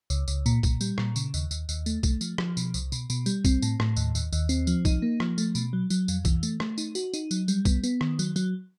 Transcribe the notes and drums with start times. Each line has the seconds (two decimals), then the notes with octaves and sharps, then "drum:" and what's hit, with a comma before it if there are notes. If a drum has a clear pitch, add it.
0.10 C#2, drum: tambourine
0.28 C#2, drum: tambourine
0.46 A#2, drum: tambourine
0.63 A#2, drum: kick, tambourine
0.81 G3, drum: tambourine
0.98 A#2, drum: rim click
1.16 C#3, drum: tambourine
1.34 D#2, drum: tambourine
1.51 D#2, drum: tambourine
1.69 D#2, drum: tambourine
1.86 A3, drum: tambourine
2.03 A3, drum: kick, tambourine
2.21 F3, drum: tambourine
2.38 F3, drum: rim click
2.57 B2, drum: tambourine
2.74 C2, drum: tambourine
2.92 B2, drum: tambourine
3.10 B2, drum: tambourine
3.26 G3, drum: tambourine
3.45 C4, drum: kick, tambourine
3.62 A2, drum: tambourine
3.80 A2, drum: rim click
3.96 D#2, drum: tambourine
4.15 D#2, drum: tambourine
4.33 D#2, drum: tambourine
4.49 C4, drum: tambourine
4.67 F3, drum: tambourine
4.85 D#4, drum: kick, tambourine
5.02 A#3
5.20 F3, drum: rim click
5.38 A3, drum: tambourine
5.55 B2, drum: tambourine
5.73 F#3
5.90 F#3, drum: tambourine
6.08 F2, drum: tambourine
6.25 E3, drum: kick, tambourine
6.43 A3, drum: tambourine
6.60 A3, drum: rim click
6.78 D#4, drum: tambourine
6.95 F#4, drum: tambourine
7.13 D#4, drum: tambourine
7.31 F#3, drum: tambourine
7.48 G3, drum: tambourine
7.65 B3, drum: kick, tambourine
7.84 B3, drum: tambourine
8.01 D#3, drum: rim click
8.19 F#3, drum: tambourine
8.36 F#3, drum: tambourine